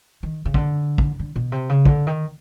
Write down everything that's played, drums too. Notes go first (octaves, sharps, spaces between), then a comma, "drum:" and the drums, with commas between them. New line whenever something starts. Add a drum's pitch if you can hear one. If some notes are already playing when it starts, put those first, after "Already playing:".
D#3
C#3
D3, drum: kick
drum: kick
D3
B2
C3
C#3
D3, drum: kick
D#3